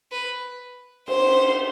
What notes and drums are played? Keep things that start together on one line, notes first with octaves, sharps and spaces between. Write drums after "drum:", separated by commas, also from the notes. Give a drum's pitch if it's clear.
B4
C5, drum: cymbal